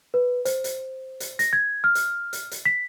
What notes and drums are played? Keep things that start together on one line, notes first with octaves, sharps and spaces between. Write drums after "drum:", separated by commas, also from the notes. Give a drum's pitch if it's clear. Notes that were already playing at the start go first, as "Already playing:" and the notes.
B4
C5, drum: hi-hat
drum: hi-hat
drum: hi-hat
A#6, drum: hi-hat
G#6
F6
drum: hi-hat
drum: hi-hat
drum: hi-hat
B6